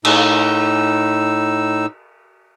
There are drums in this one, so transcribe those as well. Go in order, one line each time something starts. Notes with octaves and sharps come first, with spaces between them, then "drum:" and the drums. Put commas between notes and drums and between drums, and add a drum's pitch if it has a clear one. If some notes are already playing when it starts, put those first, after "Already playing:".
A2 D#4 E6, drum: cymbal